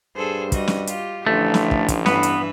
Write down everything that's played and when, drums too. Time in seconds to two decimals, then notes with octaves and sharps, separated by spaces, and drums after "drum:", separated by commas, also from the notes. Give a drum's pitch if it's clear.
0.16 G2 G#4 A4 C5
0.52 G3 F#4 D#5, drum: kick, hi-hat
0.68 drum: snare
0.87 F4 G4, drum: hi-hat
1.26 A1 D3 F3 A3
1.54 drum: snare
1.71 drum: kick
1.88 drum: kick, hi-hat
2.06 G2 E3 B3 B4, drum: snare
2.23 drum: hi-hat